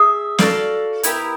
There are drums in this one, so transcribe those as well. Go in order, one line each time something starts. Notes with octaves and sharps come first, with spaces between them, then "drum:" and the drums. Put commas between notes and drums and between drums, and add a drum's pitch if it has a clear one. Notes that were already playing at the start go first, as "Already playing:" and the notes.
Already playing: G#4 E5
F#4 A4 D5 F5, drum: snare
B3 E4 G4 A#4, drum: hi-hat